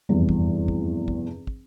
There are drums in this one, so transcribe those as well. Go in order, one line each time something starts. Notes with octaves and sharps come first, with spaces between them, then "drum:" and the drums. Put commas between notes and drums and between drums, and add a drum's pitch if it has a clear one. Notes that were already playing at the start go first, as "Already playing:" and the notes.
F1 E2 G2 E3
drum: kick
drum: kick
drum: kick
drum: kick